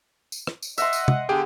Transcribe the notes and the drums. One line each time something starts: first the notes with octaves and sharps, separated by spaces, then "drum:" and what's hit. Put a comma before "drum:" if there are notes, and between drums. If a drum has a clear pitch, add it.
drum: tambourine
drum: rim click
drum: tambourine
D#5 E5 F#5 C6, drum: tambourine
drum: tambourine
drum: tom
D3 B3 D4 G4 G#4 G5